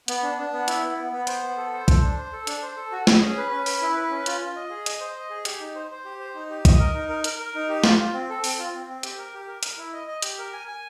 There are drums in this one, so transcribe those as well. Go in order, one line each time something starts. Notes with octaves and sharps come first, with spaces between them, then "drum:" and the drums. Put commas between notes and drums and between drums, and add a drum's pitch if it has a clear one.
B3, drum: hi-hat
D4
D4
B3
E4, drum: hi-hat
B3
B3
B3
C5, drum: hi-hat
B3
A4
C5
A4, drum: kick B1, hi-hat
D4
C5
A4
D4, drum: hi-hat
C5
A4
F#4
G#4, drum: snare
C#4
B4
C#4
B4, drum: open hi-hat
E4
B4
C#4
F4, drum: hi-hat
F4
D#5
G#4
D#5, drum: hi-hat
C5
D#5
G#4
G4, drum: hi-hat
D#4
C5
C5
G4
C5
D#4
G4
D#5, drum: kick B1, hi-hat
A#4
D#4
A#4
A#4, drum: hi-hat
A#4
D#4
G4
F4, drum: snare
F4
C4
A4
C4, drum: open hi-hat
F4
C4
C4
G4, drum: hi-hat
A#4
G4
A#4
A#4, drum: hi-hat
E4
D#5
D#5
G4, drum: hi-hat
A#4
G#5
G#5